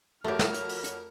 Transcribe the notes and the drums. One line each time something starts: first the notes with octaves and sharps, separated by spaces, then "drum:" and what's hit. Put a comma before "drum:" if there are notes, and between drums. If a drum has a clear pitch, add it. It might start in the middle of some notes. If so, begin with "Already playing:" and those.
F2 A3 F#4 G4 A#4 C#5 F6
drum: snare
drum: hi-hat
drum: open hi-hat
drum: hi-hat